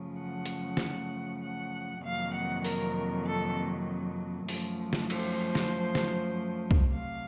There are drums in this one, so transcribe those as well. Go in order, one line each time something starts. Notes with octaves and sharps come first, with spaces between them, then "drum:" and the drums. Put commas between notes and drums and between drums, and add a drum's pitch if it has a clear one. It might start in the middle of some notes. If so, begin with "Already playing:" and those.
Already playing: F#2 C#3 F3 A3
F#5
drum: hi-hat
drum: snare
F#5
F2 C3 D#3 F#3 A#3 F5
F#5
A#4, drum: open hi-hat
A4
F#2 F3 A3, drum: open hi-hat
drum: snare
C5, drum: cymbal
drum: snare
drum: snare
drum: kick C2
C3 F#3 A3 F5